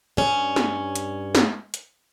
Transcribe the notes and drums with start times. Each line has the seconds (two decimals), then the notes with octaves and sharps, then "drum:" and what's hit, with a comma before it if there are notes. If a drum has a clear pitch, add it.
0.17 G2 C#4
0.56 drum: snare
0.96 drum: hi-hat
1.35 drum: snare
1.74 drum: hi-hat